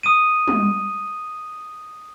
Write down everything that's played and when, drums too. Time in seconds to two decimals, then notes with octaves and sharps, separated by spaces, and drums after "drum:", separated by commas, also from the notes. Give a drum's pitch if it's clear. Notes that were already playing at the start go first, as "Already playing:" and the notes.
0.03 D#6 D#7
0.48 drum: tom